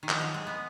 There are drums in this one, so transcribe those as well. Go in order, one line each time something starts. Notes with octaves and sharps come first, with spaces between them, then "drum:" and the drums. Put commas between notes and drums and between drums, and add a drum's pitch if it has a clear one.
D#3
F3, drum: clap
F#3
G#3
B3